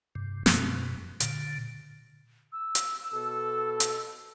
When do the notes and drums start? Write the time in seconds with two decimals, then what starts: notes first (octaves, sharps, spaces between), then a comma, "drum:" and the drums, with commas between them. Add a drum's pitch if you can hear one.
0.15 G2 C3
0.46 F#2 B2, drum: snare
1.20 A#2 D3, drum: hi-hat
2.53 E6
2.75 drum: hi-hat
3.12 B2 A4
3.80 drum: hi-hat